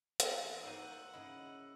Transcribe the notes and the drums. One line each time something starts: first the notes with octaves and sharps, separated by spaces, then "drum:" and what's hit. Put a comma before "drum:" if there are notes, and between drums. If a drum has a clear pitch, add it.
E3 G#4, drum: hi-hat
A#3 D#4 F#4 C5 F#5 A#5 E6 D#7
C#3 E4 D#5